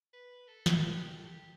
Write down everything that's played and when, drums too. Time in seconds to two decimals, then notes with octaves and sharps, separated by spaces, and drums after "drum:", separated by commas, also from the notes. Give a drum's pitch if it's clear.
0.13 B4
0.48 A4
0.66 drum: snare
0.81 G4
1.04 G4
1.17 A4
1.26 G4